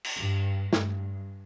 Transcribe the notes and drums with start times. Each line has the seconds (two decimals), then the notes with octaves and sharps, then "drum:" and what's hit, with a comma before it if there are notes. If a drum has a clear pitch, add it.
0.04 drum: cymbal
0.17 G2
0.73 G2, drum: snare